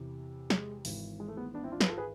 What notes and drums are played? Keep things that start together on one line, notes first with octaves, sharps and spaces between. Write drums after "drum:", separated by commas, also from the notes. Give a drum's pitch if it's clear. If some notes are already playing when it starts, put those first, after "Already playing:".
Already playing: E2 C3 E3
G#3, drum: snare
G#1 G#2 E3, drum: open hi-hat
G#3
A3
G#3 B3
B3 D4
C4 E4
D4 F4
G#4 B4, drum: snare
F4 A4
G#4 B4